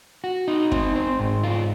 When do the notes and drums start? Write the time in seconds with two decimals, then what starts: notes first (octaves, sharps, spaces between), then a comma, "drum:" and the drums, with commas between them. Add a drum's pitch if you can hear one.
0.24 F#4
0.48 D#4
0.71 C4, drum: kick
0.95 C4
1.19 G#2
1.44 F4